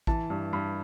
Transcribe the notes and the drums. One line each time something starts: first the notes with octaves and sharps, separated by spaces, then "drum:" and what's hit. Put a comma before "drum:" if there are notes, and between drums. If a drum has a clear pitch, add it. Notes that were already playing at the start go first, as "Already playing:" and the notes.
E3 A5, drum: kick A1
G2
G2 B5